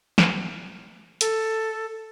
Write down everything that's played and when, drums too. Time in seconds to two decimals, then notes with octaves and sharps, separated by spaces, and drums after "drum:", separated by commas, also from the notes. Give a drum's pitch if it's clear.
0.18 drum: snare
1.21 A4, drum: hi-hat